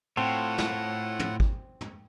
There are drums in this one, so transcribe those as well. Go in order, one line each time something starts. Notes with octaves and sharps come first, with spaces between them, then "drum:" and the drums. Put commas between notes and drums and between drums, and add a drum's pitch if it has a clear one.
A2 C4 F4 A4 C#5 F#5
drum: snare
drum: tom
drum: kick G#1
drum: tom